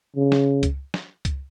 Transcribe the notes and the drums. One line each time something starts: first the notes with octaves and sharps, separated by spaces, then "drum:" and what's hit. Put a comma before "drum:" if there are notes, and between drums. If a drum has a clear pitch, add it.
C#3
drum: snare
drum: kick C#2, hi-hat
drum: snare
drum: kick C#2, hi-hat